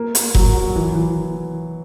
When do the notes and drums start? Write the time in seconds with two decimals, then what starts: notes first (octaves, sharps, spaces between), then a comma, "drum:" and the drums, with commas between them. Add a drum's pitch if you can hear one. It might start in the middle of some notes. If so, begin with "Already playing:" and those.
Already playing: A#3
0.15 A#3, drum: hi-hat
0.35 F#3, drum: kick F1
0.55 F#3
0.75 E3
0.95 E3